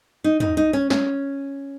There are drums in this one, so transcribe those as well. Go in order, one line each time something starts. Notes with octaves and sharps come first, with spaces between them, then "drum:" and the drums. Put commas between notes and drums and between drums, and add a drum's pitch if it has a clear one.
D#4
D#4, drum: tom
D#4
C#4
C#4, drum: snare